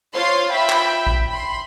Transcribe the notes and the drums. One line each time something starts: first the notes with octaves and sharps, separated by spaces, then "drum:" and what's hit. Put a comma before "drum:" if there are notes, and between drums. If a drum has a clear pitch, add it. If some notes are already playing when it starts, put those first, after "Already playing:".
F4 C5 C#5 F5 C6
E5 G5 B5
drum: clap
drum: kick A1
B5 C6